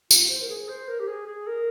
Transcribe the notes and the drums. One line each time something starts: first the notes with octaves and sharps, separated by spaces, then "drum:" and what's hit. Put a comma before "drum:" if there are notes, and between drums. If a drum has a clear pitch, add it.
F4, drum: tambourine
C5
A#4
G#4
C5
A#4
G4
G#4
G#4
A#4